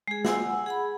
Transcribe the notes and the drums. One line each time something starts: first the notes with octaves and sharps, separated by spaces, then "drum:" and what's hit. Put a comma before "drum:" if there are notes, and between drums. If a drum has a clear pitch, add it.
G#3 G#4
F#5 G#5 E6, drum: snare
G#4 F#5 B5